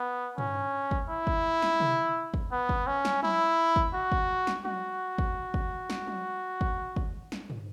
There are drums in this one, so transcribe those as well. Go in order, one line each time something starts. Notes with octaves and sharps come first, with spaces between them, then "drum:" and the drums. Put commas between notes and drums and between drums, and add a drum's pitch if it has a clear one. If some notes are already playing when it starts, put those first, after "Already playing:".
Already playing: B3
C#4, drum: tom
drum: kick
E4
drum: kick
drum: snare
drum: tom
drum: kick
B3
drum: kick
C#4
drum: snare
E4, drum: tom
drum: kick
F#4
drum: kick
drum: snare
F#4, drum: tom
drum: kick
drum: kick
drum: snare
drum: tom
drum: kick
drum: kick
drum: snare
drum: tom